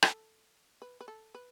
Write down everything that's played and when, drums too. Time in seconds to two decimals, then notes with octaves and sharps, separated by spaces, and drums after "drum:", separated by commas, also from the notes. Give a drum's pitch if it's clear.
0.03 A4, drum: rim click
0.82 B4
1.01 B4
1.08 A4
1.35 B4